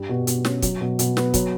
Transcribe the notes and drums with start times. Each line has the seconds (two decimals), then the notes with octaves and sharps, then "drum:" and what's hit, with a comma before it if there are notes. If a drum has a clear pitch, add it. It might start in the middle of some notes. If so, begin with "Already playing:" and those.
Already playing: G2 G3
0.09 B2
0.27 B2, drum: hi-hat
0.45 C#4, drum: snare
0.62 F#3, drum: kick, hi-hat
0.81 B2
0.99 B2, drum: hi-hat
1.17 B3, drum: snare
1.34 F#3, drum: kick, hi-hat